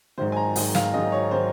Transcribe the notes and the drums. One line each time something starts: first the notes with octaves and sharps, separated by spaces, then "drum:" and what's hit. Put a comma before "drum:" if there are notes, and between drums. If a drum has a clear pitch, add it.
G#1 G#2 D#3 F#3 C5
G#5
A#5
G#1 G#2 D#3 F#3, drum: open hi-hat
F5, drum: snare
G#1 G#2 D#3 F#3 D#5
C#5
D#3 F#3 C5